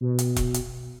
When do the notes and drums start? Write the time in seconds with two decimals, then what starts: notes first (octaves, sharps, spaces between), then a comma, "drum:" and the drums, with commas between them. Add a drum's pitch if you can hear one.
0.01 B2
0.19 drum: hi-hat
0.36 drum: kick E1, hi-hat
0.54 drum: hi-hat